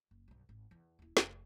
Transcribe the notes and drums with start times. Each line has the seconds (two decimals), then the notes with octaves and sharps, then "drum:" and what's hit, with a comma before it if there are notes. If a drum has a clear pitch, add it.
0.11 F#1
0.28 B1 G2
0.49 G#1
0.71 E2
0.99 D#1 E4
1.17 F1, drum: snare